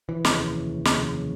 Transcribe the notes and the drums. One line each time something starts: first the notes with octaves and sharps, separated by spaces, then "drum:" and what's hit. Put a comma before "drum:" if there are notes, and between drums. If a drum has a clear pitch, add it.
E3
F1 D#2 C#3, drum: snare
F1 D#2 C#3, drum: snare